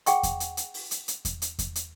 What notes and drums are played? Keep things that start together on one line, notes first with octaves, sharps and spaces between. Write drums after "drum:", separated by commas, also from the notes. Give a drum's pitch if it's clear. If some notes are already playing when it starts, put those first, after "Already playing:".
G#4 F#5 G5 C#6, drum: hi-hat
drum: kick E2, hi-hat
drum: hi-hat
drum: hi-hat
drum: open hi-hat
drum: hi-hat
drum: hi-hat
drum: kick E2, hi-hat
drum: hi-hat
drum: kick E2, hi-hat
drum: hi-hat